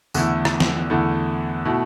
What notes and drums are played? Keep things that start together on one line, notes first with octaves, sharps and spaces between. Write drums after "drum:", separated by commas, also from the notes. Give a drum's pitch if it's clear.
E2 D3 A3 E4, drum: tambourine
drum: rim click
drum: snare
E2 D3 A3 E4
B2 A3 E4